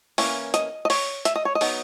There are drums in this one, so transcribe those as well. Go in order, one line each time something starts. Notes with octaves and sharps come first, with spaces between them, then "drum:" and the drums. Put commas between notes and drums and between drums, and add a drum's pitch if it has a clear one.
E3 A#3 C#4, drum: open hi-hat
D#5, drum: hi-hat
D#5
C#5, drum: open hi-hat
E5, drum: hi-hat
D#5
C#5
D#5
F#3 B3 D#4, drum: open hi-hat